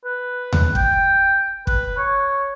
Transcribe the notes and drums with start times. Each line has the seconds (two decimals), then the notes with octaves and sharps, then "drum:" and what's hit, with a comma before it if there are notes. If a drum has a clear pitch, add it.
0.05 B4
0.53 drum: tom D#2
0.75 G5, drum: kick
1.67 B4, drum: kick
1.97 C#5